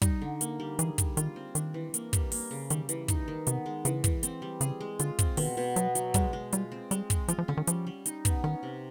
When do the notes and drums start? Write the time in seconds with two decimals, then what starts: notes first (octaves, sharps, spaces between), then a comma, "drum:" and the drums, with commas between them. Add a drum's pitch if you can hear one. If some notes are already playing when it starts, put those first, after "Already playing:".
0.02 G3 D#4, drum: kick, hi-hat
0.22 D3
0.41 A#3, drum: hi-hat
0.60 G3
0.79 E3 G#4, drum: hi-hat
0.98 G3, drum: kick, hi-hat
1.17 D#3 F4, drum: hi-hat
1.36 C4
1.55 D#3 D4, drum: hi-hat
1.74 E3
1.94 A#3, drum: hi-hat
2.13 G3, drum: kick, hi-hat
2.32 A#3, drum: open hi-hat
2.51 C#3
2.70 D#3 G3, drum: hi-hat
2.89 E3, drum: hi-hat
3.08 D#4, drum: kick, hi-hat
3.28 D#3
3.47 C3 B3, drum: hi-hat
3.66 G#3
3.85 C#3 E3, drum: hi-hat
4.04 E3, drum: kick, hi-hat
4.23 C4, drum: hi-hat
4.42 G3
4.61 C#3 G#4, drum: hi-hat
4.80 G#3
4.99 D3 F4, drum: hi-hat
5.19 C4, drum: kick, hi-hat
5.37 B2 D#3, drum: open hi-hat
5.57 B2
5.76 F#3 B3, drum: hi-hat
5.95 F#3, drum: hi-hat
6.14 G3 G#3, drum: kick, hi-hat
6.33 G#3
6.52 G3 F4, drum: hi-hat
6.72 C4
6.91 G3 G#3, drum: hi-hat
7.10 G#3, drum: kick, hi-hat
7.28 F3 F4, drum: hi-hat
7.38 F3
7.48 D3 C#4
7.57 D#3
7.67 F3 G3, drum: hi-hat
7.87 G3
8.06 D#4, drum: hi-hat
8.25 B3, drum: kick, hi-hat
8.44 D#3 C#4
8.63 C3